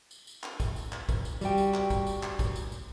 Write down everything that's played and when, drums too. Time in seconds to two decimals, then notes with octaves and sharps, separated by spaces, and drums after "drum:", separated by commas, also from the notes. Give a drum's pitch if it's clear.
0.11 drum: tambourine
0.27 drum: tambourine
0.43 drum: clap
0.60 drum: kick, tambourine
0.76 drum: tambourine
0.92 drum: clap
1.09 drum: kick, tambourine
1.25 drum: tambourine
1.41 G3 F#4 G5, drum: tambourine
1.58 drum: tambourine
1.74 drum: clap
1.90 drum: kick, tambourine
2.07 drum: tambourine
2.23 drum: clap
2.39 drum: kick, tambourine
2.56 drum: tambourine
2.72 drum: tambourine